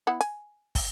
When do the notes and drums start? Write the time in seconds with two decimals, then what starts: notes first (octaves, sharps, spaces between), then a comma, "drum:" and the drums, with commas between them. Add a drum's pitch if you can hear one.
0.07 B3 E4 F#5
0.21 G#5, drum: hi-hat
0.75 drum: kick, open hi-hat